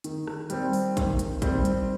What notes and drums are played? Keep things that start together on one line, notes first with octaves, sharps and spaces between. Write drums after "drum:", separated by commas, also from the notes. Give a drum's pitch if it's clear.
D#3, drum: hi-hat
drum: rim click
G3 C4, drum: hi-hat
drum: open hi-hat
D#3, drum: kick, hi-hat
drum: hi-hat
G3 C4, drum: kick, hi-hat
drum: hi-hat